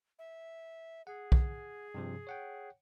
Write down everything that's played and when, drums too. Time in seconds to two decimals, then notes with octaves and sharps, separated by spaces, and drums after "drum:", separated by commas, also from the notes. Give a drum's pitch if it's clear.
0.19 E5
1.07 G#4 F#5
1.32 drum: kick B1
1.94 G2 C3 F3
2.27 C#5 F#5 G5